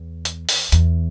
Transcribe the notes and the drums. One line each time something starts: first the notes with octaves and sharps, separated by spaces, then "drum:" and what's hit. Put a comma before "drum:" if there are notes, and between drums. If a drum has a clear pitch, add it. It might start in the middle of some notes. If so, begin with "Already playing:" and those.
Already playing: E2
drum: hi-hat
drum: open hi-hat
E2, drum: hi-hat